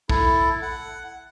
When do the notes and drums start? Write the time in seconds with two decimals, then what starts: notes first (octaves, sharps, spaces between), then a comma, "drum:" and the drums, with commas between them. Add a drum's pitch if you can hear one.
0.09 E4 A4, drum: kick
0.62 F#5